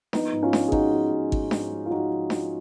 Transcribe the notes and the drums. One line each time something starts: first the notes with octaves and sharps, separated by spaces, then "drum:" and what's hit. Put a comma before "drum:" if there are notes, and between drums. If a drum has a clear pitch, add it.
F3 B3 D#4, drum: snare D4
G#2
C#4 F4
F3, drum: snare D4
G#4
F3 D#4 F#4, drum: kick G#1
F3
G#2
G#2, drum: kick G#1
G#2, drum: snare D4
F3
F4
F3 D#4 F#4
F3
F3, drum: snare D4